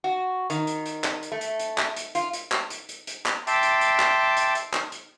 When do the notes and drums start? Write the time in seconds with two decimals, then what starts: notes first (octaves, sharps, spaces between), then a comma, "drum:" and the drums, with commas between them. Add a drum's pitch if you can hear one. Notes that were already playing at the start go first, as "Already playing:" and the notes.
0.04 F#4
0.50 D#3, drum: hi-hat
0.67 drum: hi-hat
0.86 drum: hi-hat
1.04 drum: clap
1.23 drum: hi-hat
1.32 A3
1.41 drum: hi-hat
1.60 drum: hi-hat
1.78 drum: clap
1.96 drum: hi-hat
2.15 F4, drum: hi-hat
2.33 drum: hi-hat
2.52 drum: clap
2.70 drum: hi-hat
2.89 drum: hi-hat
3.07 drum: hi-hat
3.26 drum: clap
3.47 E5 G5 A5 C6 D6, drum: hi-hat
3.63 drum: hi-hat
3.81 drum: hi-hat
4.00 drum: clap
4.37 drum: hi-hat
4.55 drum: hi-hat
4.74 drum: clap
4.92 drum: hi-hat